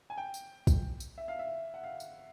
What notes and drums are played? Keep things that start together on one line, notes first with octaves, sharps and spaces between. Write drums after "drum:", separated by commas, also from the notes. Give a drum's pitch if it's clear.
G#5
G5
drum: tambourine
drum: kick, tambourine
drum: tambourine
E5
F5
E5
F#5
F5
drum: tambourine